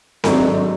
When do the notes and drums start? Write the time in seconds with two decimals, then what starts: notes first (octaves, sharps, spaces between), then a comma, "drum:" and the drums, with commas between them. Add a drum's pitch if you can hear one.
0.24 G#1 G#2 F#3 A3 D4, drum: snare C4